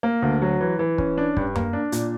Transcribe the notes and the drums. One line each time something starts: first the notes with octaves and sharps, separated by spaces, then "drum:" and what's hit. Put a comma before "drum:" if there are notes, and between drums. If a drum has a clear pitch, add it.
A#3
D2
F#3
E3
E3
C#4, drum: kick
D4
G2, drum: kick
A#3, drum: tom F#2
D4
A#2, drum: hi-hat